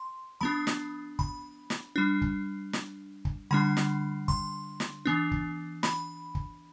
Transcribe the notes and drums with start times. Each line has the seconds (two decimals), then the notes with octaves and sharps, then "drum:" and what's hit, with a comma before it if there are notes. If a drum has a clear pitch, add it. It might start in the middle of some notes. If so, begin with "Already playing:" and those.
Already playing: C6
0.41 F3 B3 D4 B5
0.67 drum: snare
1.19 B5, drum: kick
1.70 drum: snare
1.96 G3 D4
2.22 drum: kick
2.73 drum: snare
3.25 drum: kick
3.51 D3 G3 D4 B5
3.77 drum: snare
4.28 C6, drum: kick
4.80 drum: snare
5.05 E3 B3 D4
5.32 drum: kick
5.83 B5, drum: snare
6.35 drum: kick